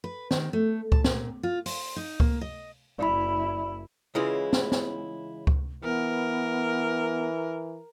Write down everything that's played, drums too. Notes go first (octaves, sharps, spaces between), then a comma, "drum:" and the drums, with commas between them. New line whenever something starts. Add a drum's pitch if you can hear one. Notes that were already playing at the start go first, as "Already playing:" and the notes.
B4
D#3, drum: snare
A3
A5, drum: kick C#2
A#2, drum: snare
F4
C5, drum: open hi-hat
D#4
A#3, drum: kick C#2
D#5
F#1 E4 D5 B5
C#3 E3 G#3 C#4 E4 F4
drum: snare
drum: snare
drum: kick C#2
E3 B3 A#4